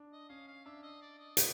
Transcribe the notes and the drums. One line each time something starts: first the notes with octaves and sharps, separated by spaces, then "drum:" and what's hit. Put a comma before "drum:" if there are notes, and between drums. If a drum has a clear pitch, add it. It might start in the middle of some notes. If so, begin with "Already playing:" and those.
Already playing: D4
D#5
C#4 F5
F5
D4 E5
D#5
D5
D#5
D#5, drum: hi-hat